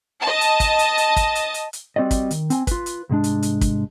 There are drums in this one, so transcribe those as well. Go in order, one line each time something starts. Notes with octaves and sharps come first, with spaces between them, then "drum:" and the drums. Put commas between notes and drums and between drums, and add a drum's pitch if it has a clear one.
D#5 A5
drum: hi-hat
drum: kick, hi-hat
drum: hi-hat
drum: hi-hat
drum: kick, hi-hat
drum: hi-hat
drum: hi-hat
drum: hi-hat
G3 C4 F#4 D5 D#5
drum: kick, hi-hat
D#3, drum: hi-hat
C4 G#5, drum: hi-hat
F4 B4, drum: kick, hi-hat
drum: hi-hat
C2 G#2 G#3 D4
drum: hi-hat
drum: hi-hat
drum: kick, hi-hat